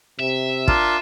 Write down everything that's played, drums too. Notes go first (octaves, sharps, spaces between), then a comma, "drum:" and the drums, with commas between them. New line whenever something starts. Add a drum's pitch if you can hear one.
C3 E5
D4 F4 A#4, drum: kick